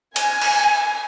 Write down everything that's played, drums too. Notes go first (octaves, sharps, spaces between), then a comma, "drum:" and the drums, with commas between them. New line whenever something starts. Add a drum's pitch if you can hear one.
G#5, drum: cymbal
drum: cymbal